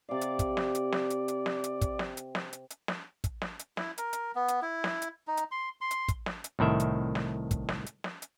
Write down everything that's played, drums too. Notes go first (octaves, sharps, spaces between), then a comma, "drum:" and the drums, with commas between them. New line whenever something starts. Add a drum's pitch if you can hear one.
C3 D5 F5
drum: hi-hat
drum: kick, hi-hat
drum: snare
drum: hi-hat
drum: snare
drum: hi-hat
drum: hi-hat
drum: snare
drum: hi-hat
drum: kick, hi-hat
drum: snare
drum: hi-hat
drum: snare
drum: hi-hat
drum: hi-hat
drum: snare
drum: kick, hi-hat
drum: snare
drum: hi-hat
E4, drum: snare
A#4, drum: hi-hat
drum: hi-hat
B3
drum: hi-hat
E4
drum: snare
drum: hi-hat
D#4
drum: hi-hat
C6
C6
drum: hi-hat
drum: kick, hi-hat
drum: snare
drum: hi-hat
C2 A2 D#3 E5
drum: hi-hat
drum: snare
drum: kick, hi-hat
drum: snare
drum: hi-hat
drum: snare
drum: hi-hat